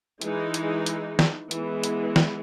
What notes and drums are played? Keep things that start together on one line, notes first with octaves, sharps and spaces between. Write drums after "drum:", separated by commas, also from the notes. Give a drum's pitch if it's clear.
E3 G#3 D#4, drum: hi-hat
drum: hi-hat
drum: hi-hat
drum: snare
E3 G#3 B3, drum: hi-hat
drum: hi-hat
drum: snare